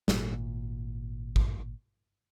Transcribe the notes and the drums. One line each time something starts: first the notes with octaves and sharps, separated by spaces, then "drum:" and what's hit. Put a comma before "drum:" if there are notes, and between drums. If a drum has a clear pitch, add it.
G#1 A#2, drum: snare
drum: kick